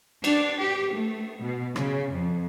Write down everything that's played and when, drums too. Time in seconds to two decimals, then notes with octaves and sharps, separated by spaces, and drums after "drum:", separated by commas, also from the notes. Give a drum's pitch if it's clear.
0.24 D4, drum: cymbal
0.60 G4
0.92 A3
1.42 B2
1.76 C#3, drum: rim click
2.12 F2